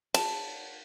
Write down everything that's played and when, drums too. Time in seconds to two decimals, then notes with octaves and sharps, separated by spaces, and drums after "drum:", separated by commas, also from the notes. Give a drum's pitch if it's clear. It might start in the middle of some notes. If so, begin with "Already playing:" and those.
0.14 A5, drum: cymbal